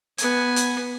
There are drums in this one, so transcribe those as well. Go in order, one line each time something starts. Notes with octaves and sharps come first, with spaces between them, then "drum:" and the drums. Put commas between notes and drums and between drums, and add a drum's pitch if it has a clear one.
B3 G#5, drum: hi-hat
drum: hi-hat